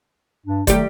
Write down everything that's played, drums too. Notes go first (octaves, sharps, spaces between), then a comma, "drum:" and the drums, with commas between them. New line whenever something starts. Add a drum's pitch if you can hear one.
G2 D4
D#3 F#3 G3 A3 G4, drum: kick, hi-hat